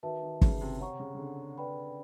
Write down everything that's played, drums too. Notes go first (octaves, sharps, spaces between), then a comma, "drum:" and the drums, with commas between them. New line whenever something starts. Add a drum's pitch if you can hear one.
D#3 F#4 B4 E5 A5
D#3
C#3, drum: kick
C#3
C3
C3 C#5 F#5 A#5 C#6
C#3
C#3
D3
B4 D5 G5 B5